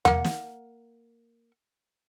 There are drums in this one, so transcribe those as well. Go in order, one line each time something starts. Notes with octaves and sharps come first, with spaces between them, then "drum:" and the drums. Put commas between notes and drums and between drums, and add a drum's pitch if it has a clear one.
A#3 F#5, drum: tom E2
drum: snare